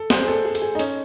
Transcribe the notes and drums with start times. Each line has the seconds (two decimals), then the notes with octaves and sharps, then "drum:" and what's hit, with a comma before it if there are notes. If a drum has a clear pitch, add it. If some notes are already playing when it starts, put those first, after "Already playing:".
Already playing: A4
0.10 C5, drum: snare
0.22 G#4
0.28 A4
0.45 G#4
0.55 A4, drum: hi-hat
0.62 G#4
0.75 D#4
0.79 C#4, drum: hi-hat